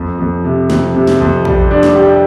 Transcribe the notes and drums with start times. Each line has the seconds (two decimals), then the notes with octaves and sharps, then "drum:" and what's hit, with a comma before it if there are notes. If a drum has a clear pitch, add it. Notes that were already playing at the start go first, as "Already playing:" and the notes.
Already playing: F2
0.19 F2
0.44 C3
0.70 F2, drum: snare
0.95 C3
1.07 drum: snare
1.20 F2
1.45 G3, drum: kick
1.71 D4
1.83 drum: snare
1.95 G4